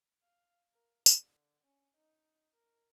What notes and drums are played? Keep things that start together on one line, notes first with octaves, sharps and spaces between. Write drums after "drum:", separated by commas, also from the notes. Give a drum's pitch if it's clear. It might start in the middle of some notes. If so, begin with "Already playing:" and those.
F5
A#4
D3, drum: tambourine
C#4
D#4
A#4